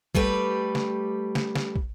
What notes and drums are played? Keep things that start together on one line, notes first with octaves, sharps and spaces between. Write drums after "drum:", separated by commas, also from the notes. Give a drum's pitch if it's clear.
G3 A3 G4 B4, drum: kick
drum: snare
drum: snare
drum: snare
drum: kick